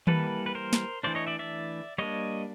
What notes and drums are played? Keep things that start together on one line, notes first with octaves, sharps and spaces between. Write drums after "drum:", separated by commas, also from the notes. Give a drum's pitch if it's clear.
E3 G3 A#3 A4 B4, drum: tom D#3
B4
A#4 C5
drum: snare
E3 A3 D4 C5 D5
C#5 D#5
D5 E5
D5 E5
G3 A#3 D4 C#5 D#5